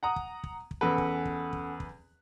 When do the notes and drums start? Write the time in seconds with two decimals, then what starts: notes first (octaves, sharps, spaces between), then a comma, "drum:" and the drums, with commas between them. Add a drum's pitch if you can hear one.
0.03 F#5 A#5 D#6
0.16 drum: kick
0.44 drum: kick
0.71 drum: kick
0.81 E2 C#4 A4 B4 F#5
0.98 drum: kick
1.25 drum: kick
1.53 drum: kick
1.80 drum: kick